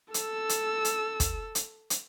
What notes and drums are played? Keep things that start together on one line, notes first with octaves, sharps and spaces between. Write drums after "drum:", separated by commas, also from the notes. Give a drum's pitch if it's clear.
A4 E6, drum: hi-hat
drum: hi-hat
drum: hi-hat
drum: kick, hi-hat
drum: hi-hat
drum: hi-hat